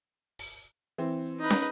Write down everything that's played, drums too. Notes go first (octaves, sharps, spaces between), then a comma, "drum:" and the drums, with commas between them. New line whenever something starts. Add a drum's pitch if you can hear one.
drum: open hi-hat
E3 C4
D#4 B4
drum: snare